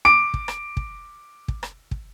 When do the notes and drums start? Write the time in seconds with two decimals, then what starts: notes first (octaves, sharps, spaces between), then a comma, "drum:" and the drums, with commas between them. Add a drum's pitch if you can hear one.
0.05 D6 D7
0.34 drum: kick
0.48 drum: rim click
0.77 drum: kick
1.48 drum: kick
1.63 drum: rim click
1.91 drum: kick